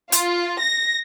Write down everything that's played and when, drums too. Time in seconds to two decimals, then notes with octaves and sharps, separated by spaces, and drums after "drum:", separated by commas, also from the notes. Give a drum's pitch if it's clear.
0.12 F4, drum: hi-hat
0.60 A#6